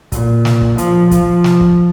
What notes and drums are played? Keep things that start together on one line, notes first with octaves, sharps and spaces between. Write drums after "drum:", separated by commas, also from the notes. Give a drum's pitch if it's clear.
A#2, drum: kick, hi-hat
drum: snare
drum: kick
F3, drum: hi-hat
F3, drum: kick, hi-hat
drum: snare
drum: kick